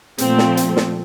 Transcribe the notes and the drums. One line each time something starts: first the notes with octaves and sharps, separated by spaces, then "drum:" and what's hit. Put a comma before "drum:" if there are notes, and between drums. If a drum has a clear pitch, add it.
A#2 F3 A3 C4, drum: hi-hat
drum: snare
drum: hi-hat
drum: snare